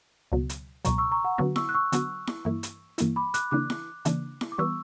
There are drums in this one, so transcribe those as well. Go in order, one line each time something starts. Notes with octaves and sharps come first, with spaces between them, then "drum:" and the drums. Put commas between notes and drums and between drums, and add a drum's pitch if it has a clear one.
C#2 B2 F#3
drum: hi-hat
C#2 B2 F#3 A#5 C#6, drum: hi-hat
C#6 E6
A#5 C#6
F#5 A#5
D3 F#3 B3 F#4
C#6 E6, drum: snare E4
F#6
C#6 E6
D3 F#3 B3 F#4, drum: hi-hat
drum: snare E4
G2 E3 A#3 E4
drum: hi-hat
G2 E3 A#3 E4, drum: hi-hat
B5 D6
D6 F#6, drum: hi-hat
C#3 E3 A#3 D4 D6 F#6
drum: snare E4
C#3 E3 A#3 D4, drum: hi-hat
drum: snare E4
D6
E3 G3 B3 C#6 E6